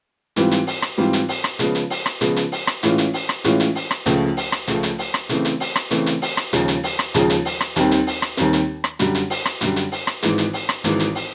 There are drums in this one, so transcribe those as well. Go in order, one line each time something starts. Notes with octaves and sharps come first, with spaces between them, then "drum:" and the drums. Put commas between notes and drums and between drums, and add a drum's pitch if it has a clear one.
G#2 E3 G3 C4 F4, drum: hi-hat
drum: hi-hat
drum: open hi-hat
drum: rim click
G#2 E3 G3 C4 F4
drum: hi-hat
drum: open hi-hat
drum: rim click
C#3 F3 G#3 B3, drum: hi-hat
drum: hi-hat
drum: open hi-hat
drum: rim click
C#3 F3 G#3 B3, drum: hi-hat
drum: hi-hat
drum: open hi-hat
drum: rim click
A2 E3 G#3 C#4 F4, drum: hi-hat
drum: hi-hat
drum: open hi-hat
drum: rim click
A2 E3 G#3 C#4 F4, drum: hi-hat
drum: hi-hat
drum: open hi-hat
drum: rim click
C#2 C#3 F3 A3, drum: hi-hat
drum: open hi-hat
drum: rim click
C#2 C#3 F3 A3, drum: hi-hat
drum: hi-hat
drum: open hi-hat
drum: rim click
C#3 E3 A3 C4, drum: hi-hat
drum: hi-hat
drum: open hi-hat
drum: rim click
C#3 E3 A3 C4, drum: hi-hat
drum: hi-hat
drum: open hi-hat
drum: rim click
D#2 C#3 F3 G#3, drum: hi-hat
drum: hi-hat
drum: open hi-hat
drum: rim click
D#2 C#3 F3 G#3, drum: hi-hat
drum: hi-hat
drum: open hi-hat
drum: rim click
D#2 D#3 G3 C4, drum: hi-hat
drum: hi-hat
drum: open hi-hat
drum: rim click
D#2 D#3 G3 C4, drum: hi-hat
drum: hi-hat
drum: rim click
F#2 D3 G3, drum: hi-hat
drum: hi-hat
drum: open hi-hat
drum: rim click
F#2 D3 G3, drum: hi-hat
drum: hi-hat
drum: open hi-hat
drum: rim click
G#1 G#2 E3 G#3, drum: hi-hat
drum: hi-hat
drum: open hi-hat
drum: rim click
G#1 G#2 E3 G#3, drum: hi-hat
drum: hi-hat
drum: open hi-hat